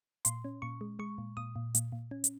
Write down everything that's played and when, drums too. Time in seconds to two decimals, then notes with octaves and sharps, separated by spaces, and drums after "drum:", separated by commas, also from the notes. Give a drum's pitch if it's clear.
0.25 A#2 C6, drum: hi-hat
0.44 C#4
0.62 A#2 C#6
0.81 G#3
0.99 G#3 C#6
1.18 A#2
1.37 A#2 D#6
1.56 A#2
1.75 A#2, drum: hi-hat
1.92 A#2
2.11 C#4
2.24 drum: hi-hat